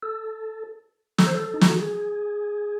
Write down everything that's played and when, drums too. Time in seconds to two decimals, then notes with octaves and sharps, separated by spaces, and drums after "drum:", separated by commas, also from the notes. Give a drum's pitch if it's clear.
0.03 A4
1.18 A4, drum: snare
1.26 C5
1.35 A4
1.54 D#4
1.61 E4, drum: snare
1.69 F#4
1.77 G#4